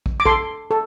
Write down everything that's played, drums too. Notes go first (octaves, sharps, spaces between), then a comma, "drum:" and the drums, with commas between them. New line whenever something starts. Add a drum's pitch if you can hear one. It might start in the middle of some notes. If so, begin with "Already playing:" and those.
drum: kick
D6
A4 C6, drum: kick
A4